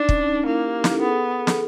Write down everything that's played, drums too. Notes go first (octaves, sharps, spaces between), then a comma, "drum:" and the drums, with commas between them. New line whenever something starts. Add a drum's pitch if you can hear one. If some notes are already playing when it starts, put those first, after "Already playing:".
Already playing: D4 D#4
C#4, drum: kick
D#4
A#3 E4
G4
A#4, drum: snare
A4
B3 G#4
A4
drum: snare